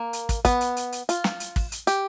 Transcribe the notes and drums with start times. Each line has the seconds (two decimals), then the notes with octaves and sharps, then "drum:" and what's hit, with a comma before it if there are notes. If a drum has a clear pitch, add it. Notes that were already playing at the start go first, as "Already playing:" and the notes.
Already playing: A#3
0.13 drum: hi-hat
0.29 drum: kick, hi-hat
0.45 B3, drum: kick, hi-hat
0.61 drum: hi-hat
0.77 drum: hi-hat
0.92 drum: hi-hat
1.09 F4, drum: hi-hat
1.24 drum: snare
1.40 drum: hi-hat
1.56 drum: kick, open hi-hat
1.72 drum: hi-hat
1.87 G4, drum: hi-hat